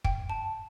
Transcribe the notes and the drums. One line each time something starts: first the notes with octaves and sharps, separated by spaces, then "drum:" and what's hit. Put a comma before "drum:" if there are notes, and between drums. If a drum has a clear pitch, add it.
G5, drum: kick
A5